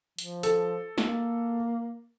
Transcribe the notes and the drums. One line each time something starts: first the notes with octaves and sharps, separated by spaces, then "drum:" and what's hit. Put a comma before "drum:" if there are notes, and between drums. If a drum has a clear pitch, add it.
F3, drum: hi-hat
A4, drum: hi-hat
A#3, drum: snare